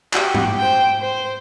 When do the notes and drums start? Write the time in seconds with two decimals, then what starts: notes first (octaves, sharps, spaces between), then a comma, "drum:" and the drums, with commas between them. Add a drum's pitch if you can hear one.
0.13 F#4 G4, drum: clap
0.34 drum: tom G#2
0.58 C5 G5
1.01 C5